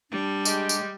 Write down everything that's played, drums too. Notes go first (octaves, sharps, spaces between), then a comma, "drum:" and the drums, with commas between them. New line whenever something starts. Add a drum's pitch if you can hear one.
G3 D4
G#3 G4, drum: tambourine
drum: tambourine